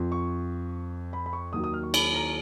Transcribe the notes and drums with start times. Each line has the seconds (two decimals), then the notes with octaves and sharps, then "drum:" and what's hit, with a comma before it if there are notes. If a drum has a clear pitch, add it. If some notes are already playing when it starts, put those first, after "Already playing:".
Already playing: F2 F3
0.12 C#6
1.13 B5
1.26 B5
1.33 C#6
1.53 D#2 D#3 F#3 D#6
1.64 D#6
1.73 F6
1.83 C#6
1.94 B5, drum: cymbal
2.14 A#5